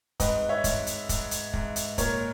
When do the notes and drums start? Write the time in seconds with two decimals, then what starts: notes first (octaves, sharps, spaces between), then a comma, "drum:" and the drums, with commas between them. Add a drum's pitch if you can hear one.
0.20 G#2 B4 D#5, drum: kick, hi-hat
0.49 C#5 E5
0.64 G#2, drum: kick, hi-hat
0.87 drum: hi-hat
1.09 G#2, drum: kick, hi-hat
1.31 drum: hi-hat
1.54 G#2, drum: kick
1.76 drum: hi-hat
1.98 A#2 A#4 C#5, drum: kick, hi-hat